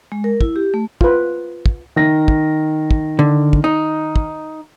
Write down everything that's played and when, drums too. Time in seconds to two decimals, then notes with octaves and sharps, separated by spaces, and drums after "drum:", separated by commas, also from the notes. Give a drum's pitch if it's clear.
0.12 G#3
0.24 A#4
0.41 E4, drum: kick
0.56 G4
0.74 A3
1.01 F4 B4, drum: kick
1.66 drum: kick
1.96 D#3 A#6
2.28 drum: kick
2.91 drum: kick
3.19 D3
3.53 drum: kick
3.64 D#4
4.16 drum: kick